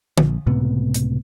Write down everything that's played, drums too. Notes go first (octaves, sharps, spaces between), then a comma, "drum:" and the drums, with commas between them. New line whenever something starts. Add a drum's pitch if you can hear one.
A#1, drum: tom D3
C#2 A2 C3 B3
drum: hi-hat